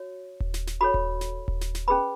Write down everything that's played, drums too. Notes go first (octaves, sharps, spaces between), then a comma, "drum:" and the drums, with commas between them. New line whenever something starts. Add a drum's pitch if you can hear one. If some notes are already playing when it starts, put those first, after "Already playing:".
Already playing: F#4 C#5
drum: kick D#1
drum: snare
drum: snare
F#4 A4 C#5 B5
drum: kick D#1
drum: snare
drum: kick D#1
drum: snare
drum: snare
C#4 G#4 B4 B5